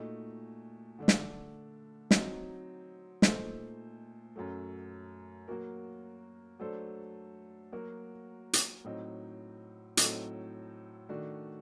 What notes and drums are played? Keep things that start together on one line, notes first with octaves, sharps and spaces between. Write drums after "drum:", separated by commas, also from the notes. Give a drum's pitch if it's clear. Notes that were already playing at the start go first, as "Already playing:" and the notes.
Already playing: A#2 A3 D#4 F#4
D3 A3 D4
drum: snare
F#3 C4 D#4, drum: snare
A#2 A3 D#4 A4 C5, drum: snare
F#2 F#3 A3
F#3 A#3 F#4 A#4
F#3 A3 D4 A4 C5
F#3 A#3 F#4 A#4
drum: hi-hat
A2 F#3 C4 D#4
A2 F#3 C4 D#4 A4, drum: hi-hat
D#3 A3 D4 F#4